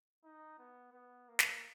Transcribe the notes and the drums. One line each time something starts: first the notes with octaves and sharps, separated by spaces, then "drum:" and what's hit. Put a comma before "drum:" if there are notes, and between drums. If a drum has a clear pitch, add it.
D#4
B3
B3
A#3
drum: snare